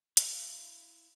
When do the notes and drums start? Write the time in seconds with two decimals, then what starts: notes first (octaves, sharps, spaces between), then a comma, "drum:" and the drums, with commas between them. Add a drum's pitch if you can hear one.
0.17 E4 F5, drum: hi-hat